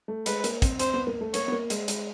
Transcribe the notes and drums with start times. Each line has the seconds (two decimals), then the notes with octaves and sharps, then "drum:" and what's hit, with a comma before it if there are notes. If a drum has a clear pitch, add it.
0.08 A3
0.26 G#3 B4, drum: hi-hat
0.44 A#3, drum: hi-hat
0.62 C4, drum: kick, hi-hat
0.79 C4 C5, drum: hi-hat
0.94 B3
1.07 A#3
1.21 A3
1.34 A#3 C#5, drum: hi-hat
1.48 B3
1.52 A#3
1.70 G#3, drum: hi-hat
1.88 G#3, drum: hi-hat